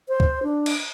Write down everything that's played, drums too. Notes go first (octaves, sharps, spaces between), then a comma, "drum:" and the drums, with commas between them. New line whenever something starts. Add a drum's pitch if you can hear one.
C5
drum: kick
D4
drum: cymbal